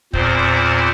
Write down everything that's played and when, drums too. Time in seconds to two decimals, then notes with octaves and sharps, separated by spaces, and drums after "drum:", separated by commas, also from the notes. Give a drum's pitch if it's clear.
0.13 E2 A#2 C4 C5, drum: kick